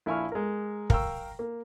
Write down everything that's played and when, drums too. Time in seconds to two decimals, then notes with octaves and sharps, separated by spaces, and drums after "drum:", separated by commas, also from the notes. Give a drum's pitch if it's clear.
0.06 A#1 E4 G#5 C#6 F6
0.32 G#3 A#4
0.90 A#4 F5 G5 C#6 E6, drum: kick
1.39 A#3